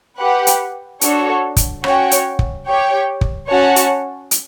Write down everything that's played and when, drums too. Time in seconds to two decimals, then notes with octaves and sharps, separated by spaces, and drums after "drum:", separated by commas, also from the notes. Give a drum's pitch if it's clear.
0.19 G4 B4 F#5
0.47 drum: hi-hat
1.01 D4 F#4 A4 C#5, drum: hi-hat
1.56 drum: kick, hi-hat
1.84 C#4 F#4 C#5 G5, drum: rim click
2.11 drum: hi-hat
2.39 drum: kick
2.66 G4 C#5 G5
3.21 drum: kick
3.49 C#4 F#4 C#5 F#5 A5
3.76 drum: hi-hat
4.31 drum: hi-hat